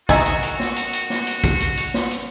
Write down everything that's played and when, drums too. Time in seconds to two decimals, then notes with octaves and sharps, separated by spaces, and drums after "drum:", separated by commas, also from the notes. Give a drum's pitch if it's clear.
0.09 D#3 F#4 E5 G#5, drum: kick, hi-hat
0.26 drum: hi-hat
0.43 drum: hi-hat
0.60 drum: snare
0.76 drum: hi-hat
0.93 drum: hi-hat
1.10 drum: snare
1.27 drum: hi-hat
1.44 drum: kick, hi-hat
1.60 drum: hi-hat
1.77 drum: hi-hat
1.94 drum: snare
2.11 drum: hi-hat